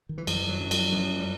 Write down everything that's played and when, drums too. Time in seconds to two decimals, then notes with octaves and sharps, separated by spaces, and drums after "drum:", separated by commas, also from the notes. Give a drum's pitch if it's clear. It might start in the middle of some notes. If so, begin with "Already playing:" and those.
0.09 D#3
0.18 E3
0.27 F#2 F3, drum: cymbal
0.49 F#3
0.60 F#2
0.71 F#3, drum: cymbal
0.92 F#2 F3
1.20 G3